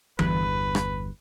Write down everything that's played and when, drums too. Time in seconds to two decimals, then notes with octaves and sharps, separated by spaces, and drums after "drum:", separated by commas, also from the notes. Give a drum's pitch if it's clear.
0.19 G1 E2 G2 B4, drum: tom E3
0.75 drum: rim click